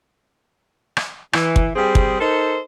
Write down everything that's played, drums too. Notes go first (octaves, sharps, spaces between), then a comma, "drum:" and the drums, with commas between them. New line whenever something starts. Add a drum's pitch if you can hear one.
drum: rim click
E3, drum: rim click
drum: kick
G3 C4 G#4
drum: kick
D#4 A4 A#4 C5